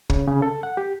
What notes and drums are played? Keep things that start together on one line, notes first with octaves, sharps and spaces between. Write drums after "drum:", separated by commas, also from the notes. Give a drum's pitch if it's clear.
C#3, drum: kick
C#3
A4
F#5
G4